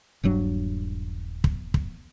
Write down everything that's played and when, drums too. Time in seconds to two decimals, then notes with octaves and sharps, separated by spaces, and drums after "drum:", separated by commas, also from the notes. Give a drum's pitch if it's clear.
0.23 D#1 G2 F#3 D4
1.44 drum: kick
1.74 drum: kick